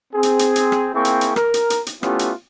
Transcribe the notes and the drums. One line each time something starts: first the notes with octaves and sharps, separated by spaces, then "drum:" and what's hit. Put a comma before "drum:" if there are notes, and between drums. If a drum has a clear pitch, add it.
C4 G#4
drum: hi-hat
drum: hi-hat
drum: hi-hat
drum: rim click
A#3 C4 E4 G#4 G5 C#6
drum: hi-hat
drum: hi-hat
A#4, drum: rim click
drum: hi-hat
drum: hi-hat
drum: hi-hat
A3 B3 C#4 E4 F4 G4, drum: rim click
drum: hi-hat